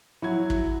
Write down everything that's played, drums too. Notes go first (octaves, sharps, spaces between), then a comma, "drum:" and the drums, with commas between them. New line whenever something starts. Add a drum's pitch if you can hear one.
F#3 E4 F#4 G#6
drum: kick